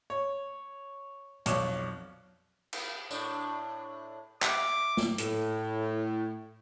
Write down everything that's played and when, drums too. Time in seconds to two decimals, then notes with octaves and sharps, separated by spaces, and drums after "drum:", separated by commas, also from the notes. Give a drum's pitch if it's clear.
0.10 C#5
1.46 B1 F2 C#5 D5, drum: hi-hat
2.73 drum: cymbal
3.11 A2 D4, drum: tambourine
4.43 E5 D6, drum: clap
4.97 drum: snare
5.18 A2, drum: hi-hat